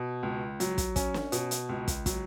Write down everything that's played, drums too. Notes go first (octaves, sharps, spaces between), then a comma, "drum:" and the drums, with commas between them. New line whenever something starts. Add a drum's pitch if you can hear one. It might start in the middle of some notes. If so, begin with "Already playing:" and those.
Already playing: B2
C#2
F#3, drum: hi-hat
drum: kick, hi-hat
C#4, drum: kick, hi-hat
drum: snare
B2, drum: hi-hat
drum: hi-hat
C#2
drum: kick, hi-hat
F#3, drum: kick, hi-hat